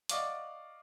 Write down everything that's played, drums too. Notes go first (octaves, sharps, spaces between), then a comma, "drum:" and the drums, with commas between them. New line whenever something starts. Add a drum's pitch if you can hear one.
D5 D#5 F5 F#5 C#6 D6, drum: hi-hat